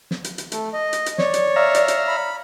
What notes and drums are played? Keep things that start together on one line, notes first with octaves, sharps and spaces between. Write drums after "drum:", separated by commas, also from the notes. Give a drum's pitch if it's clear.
drum: snare
drum: hi-hat
drum: hi-hat
A3, drum: hi-hat
D#5
drum: hi-hat
drum: hi-hat
C#5 D5, drum: snare
drum: hi-hat
E5 F5 A#5
drum: hi-hat
drum: hi-hat
B5